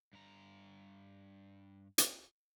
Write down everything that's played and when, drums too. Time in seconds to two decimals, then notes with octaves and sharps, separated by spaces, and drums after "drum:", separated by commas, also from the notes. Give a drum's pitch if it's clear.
0.13 G2 A#5
1.98 drum: hi-hat